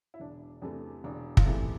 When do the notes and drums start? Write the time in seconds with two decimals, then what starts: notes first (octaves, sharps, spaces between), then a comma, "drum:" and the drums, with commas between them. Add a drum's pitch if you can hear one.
0.14 E4
0.20 E1 D4
0.61 E2 C3 E3 A3 D4
1.04 E1 D4
1.37 F4, drum: kick
1.45 E2 C3 E3 A3 E4